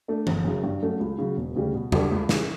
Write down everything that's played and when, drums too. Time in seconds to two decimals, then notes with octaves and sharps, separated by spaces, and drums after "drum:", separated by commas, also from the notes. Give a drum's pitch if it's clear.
0.08 A3 D4
0.27 G1, drum: tom E3
0.45 F#2 C#3
0.64 G2
0.83 F#3 A3 C#4 F#4
1.00 C#2
1.18 C#3 F#3
1.37 E1
1.55 D2 C#3 G3
1.74 B2
1.92 G3 D4 F#4 A4, drum: tom
2.11 C#2
2.29 C#3 E3, drum: snare